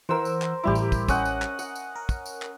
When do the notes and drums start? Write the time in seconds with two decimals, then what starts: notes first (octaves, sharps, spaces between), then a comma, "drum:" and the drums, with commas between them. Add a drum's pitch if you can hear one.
0.09 E3 A#4 C5 F#5 E6
0.25 drum: tambourine
0.42 drum: clap
0.64 A1 G3 E4 G4 D6
0.75 drum: tambourine
0.92 drum: kick, tambourine
1.09 C#4 D#5 F#5, drum: kick, tambourine
1.25 drum: tambourine
1.42 drum: clap
1.59 F#5, drum: tambourine
1.76 drum: tambourine
1.96 A#4
2.09 drum: kick, tambourine
2.26 drum: tambourine
2.42 drum: clap